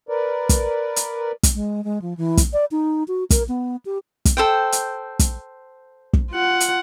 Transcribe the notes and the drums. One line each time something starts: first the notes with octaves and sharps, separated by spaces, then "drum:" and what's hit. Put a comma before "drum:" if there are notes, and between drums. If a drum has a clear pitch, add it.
A#4 B4 D5
drum: kick, hi-hat
drum: hi-hat
drum: kick, hi-hat
G#3
G#3
F3
E3
drum: kick, hi-hat
D5
D#4
F#4
A#4, drum: kick, hi-hat
B3
G4
drum: kick, hi-hat
A4 C5 G5
drum: hi-hat
drum: kick, hi-hat
drum: kick
F4 F#5
drum: hi-hat